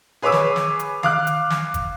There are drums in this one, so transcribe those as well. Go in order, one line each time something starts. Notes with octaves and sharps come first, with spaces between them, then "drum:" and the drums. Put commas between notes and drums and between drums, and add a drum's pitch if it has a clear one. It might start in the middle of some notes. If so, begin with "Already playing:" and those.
G#4 B4 C#5 B5 D6 E6
drum: snare
drum: snare
drum: hi-hat
F5 D6 F#6, drum: tom D#3
drum: hi-hat
drum: snare
drum: kick, hi-hat